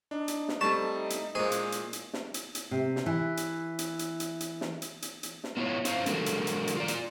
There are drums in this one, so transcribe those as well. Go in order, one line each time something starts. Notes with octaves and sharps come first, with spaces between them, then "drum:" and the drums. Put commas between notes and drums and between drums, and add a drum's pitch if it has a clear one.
D4 D#4
drum: hi-hat
drum: snare
G3 A3 C4 A5 C#6
drum: hi-hat
A#2 G#3 G#4 C5 C#6
drum: hi-hat
drum: hi-hat
drum: hi-hat
drum: snare
drum: hi-hat
drum: hi-hat
C3
drum: snare
E3
drum: hi-hat
drum: hi-hat
drum: hi-hat
drum: hi-hat
drum: hi-hat
drum: snare
drum: hi-hat
drum: hi-hat
drum: hi-hat
drum: snare
B3 D4 E4 F4 C#5
C#4 E4 F4 C5 F5, drum: hi-hat
D3 E3 G#3 F#4 A4 A#4, drum: hi-hat
drum: hi-hat
drum: hi-hat
drum: hi-hat
F4 D5
drum: hi-hat